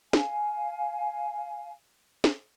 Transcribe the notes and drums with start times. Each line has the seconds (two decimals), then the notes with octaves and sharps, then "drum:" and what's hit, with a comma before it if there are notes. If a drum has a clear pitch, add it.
0.13 F5 G#5, drum: snare
2.24 drum: snare